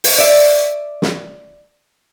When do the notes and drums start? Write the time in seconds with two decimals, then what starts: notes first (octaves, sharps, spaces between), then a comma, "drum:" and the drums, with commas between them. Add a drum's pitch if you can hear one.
0.04 drum: open hi-hat
0.18 D5 E5
1.02 drum: snare